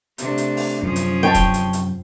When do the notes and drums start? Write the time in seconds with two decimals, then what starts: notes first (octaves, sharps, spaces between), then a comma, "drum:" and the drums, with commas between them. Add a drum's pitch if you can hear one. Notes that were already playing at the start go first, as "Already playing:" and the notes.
0.18 C3 A3 D4, drum: hi-hat
0.38 drum: hi-hat
0.57 drum: open hi-hat
0.83 F#2 C3 F3 C#4 D4 G#4
0.96 drum: hi-hat
1.23 C#5 G5 A5
1.34 drum: kick D#1, hi-hat
1.54 drum: hi-hat
1.73 drum: hi-hat